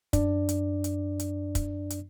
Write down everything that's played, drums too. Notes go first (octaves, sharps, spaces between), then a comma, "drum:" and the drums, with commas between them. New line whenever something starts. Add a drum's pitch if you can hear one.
F#2 D4 D5, drum: kick, hi-hat
drum: hi-hat
drum: hi-hat
drum: hi-hat
drum: kick, hi-hat
drum: hi-hat